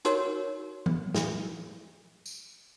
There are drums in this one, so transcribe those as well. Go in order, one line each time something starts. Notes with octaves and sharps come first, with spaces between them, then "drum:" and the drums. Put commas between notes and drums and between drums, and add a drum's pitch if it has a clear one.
D#4 F#4 A#4 C#5, drum: hi-hat
drum: tom E3
drum: snare
drum: tambourine